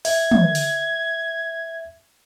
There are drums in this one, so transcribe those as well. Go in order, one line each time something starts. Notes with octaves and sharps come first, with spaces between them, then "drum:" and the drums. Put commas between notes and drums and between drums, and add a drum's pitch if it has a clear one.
E5 G#6, drum: open hi-hat
drum: tom
drum: open hi-hat